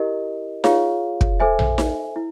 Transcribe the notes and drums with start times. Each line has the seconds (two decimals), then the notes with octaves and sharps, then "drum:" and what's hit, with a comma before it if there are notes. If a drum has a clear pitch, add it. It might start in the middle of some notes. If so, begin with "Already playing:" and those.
Already playing: E4 G4 A#4 D#5
0.64 F4 G#4 C#5 F5, drum: snare D#4
1.21 drum: kick
1.40 A4 C5 E5 G#5
1.59 drum: tom A#1
1.78 drum: snare D#4
2.16 E4